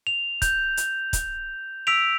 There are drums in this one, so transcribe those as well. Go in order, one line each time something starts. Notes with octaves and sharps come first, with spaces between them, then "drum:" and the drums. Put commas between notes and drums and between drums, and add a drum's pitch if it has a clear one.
F7
G6, drum: kick, hi-hat
drum: hi-hat
drum: kick, hi-hat
E6 B6 D7 F7